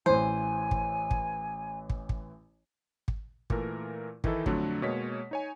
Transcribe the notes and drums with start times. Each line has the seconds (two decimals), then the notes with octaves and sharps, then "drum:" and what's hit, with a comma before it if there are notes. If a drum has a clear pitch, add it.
0.06 A1 E3 C5 G#5
0.71 drum: kick
1.11 drum: kick
1.90 drum: kick
2.09 drum: kick
3.08 drum: kick
3.50 A#2 E3 A3 A#4, drum: kick
4.24 D#3 E3 D#4 E4 A4, drum: kick
4.46 F2 D3 F#3 A3 D4, drum: kick
4.82 B2 G#3 A#3 C#5 D#5 B6
5.31 D#4 C#5 G#5